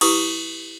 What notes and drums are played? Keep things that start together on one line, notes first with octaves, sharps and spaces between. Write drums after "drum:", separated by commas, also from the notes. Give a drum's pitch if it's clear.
E4 G4 B4 C#6 D#6, drum: cymbal